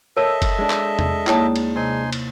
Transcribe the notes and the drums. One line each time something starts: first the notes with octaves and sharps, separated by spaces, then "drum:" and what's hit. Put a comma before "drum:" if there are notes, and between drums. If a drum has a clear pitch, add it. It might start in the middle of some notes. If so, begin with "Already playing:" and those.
A4 A#4 C#5 D#5 E5 A5
drum: kick F#1, cymbal
G#3 D4
drum: clap
drum: tom E2
D#2 A#3 E4 C#5 A5 D#6, drum: clap
drum: cymbal
C3 D#4 G#5 C6
drum: cymbal